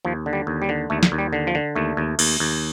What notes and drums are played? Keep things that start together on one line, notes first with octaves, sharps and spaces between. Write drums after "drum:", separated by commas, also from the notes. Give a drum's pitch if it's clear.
D#2 F3
D3
G3
D#2
G3
D3
D#2 A3
drum: snare
D#2
G3
D3
F3
D3
D#2 A3
D#2
D#2, drum: cymbal
D#2